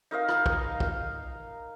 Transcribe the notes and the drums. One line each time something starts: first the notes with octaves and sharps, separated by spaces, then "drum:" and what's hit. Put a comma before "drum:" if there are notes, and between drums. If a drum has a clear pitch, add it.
D#4 A#4 D#5 F5
drum: rim click
drum: kick
drum: kick